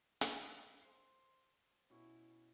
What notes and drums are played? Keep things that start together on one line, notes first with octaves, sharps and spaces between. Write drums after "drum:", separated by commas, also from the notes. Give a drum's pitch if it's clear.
drum: hi-hat
C5 C7
B2 C#4 E4 C#6